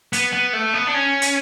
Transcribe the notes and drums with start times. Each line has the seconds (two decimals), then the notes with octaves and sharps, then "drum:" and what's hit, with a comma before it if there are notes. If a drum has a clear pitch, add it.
0.13 B3, drum: hi-hat
0.33 B3
0.53 A3
0.74 B3
0.87 D4
0.94 C#4
1.22 drum: hi-hat